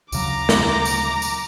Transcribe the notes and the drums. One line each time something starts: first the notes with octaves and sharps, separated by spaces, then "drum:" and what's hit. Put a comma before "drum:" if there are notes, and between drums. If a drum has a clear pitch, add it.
D2 C#3 F#3 A#5 D6, drum: tambourine
drum: snare
drum: tambourine
drum: tambourine